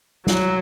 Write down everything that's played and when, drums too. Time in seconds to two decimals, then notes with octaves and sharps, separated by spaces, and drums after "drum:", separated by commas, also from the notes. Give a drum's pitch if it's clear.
0.27 F#3, drum: snare